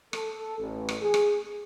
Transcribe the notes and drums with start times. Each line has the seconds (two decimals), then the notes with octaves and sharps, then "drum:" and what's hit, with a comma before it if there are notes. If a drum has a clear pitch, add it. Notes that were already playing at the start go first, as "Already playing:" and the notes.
0.13 A4, drum: rim click
0.58 A1
0.89 drum: rim click
1.01 G#4
1.14 drum: rim click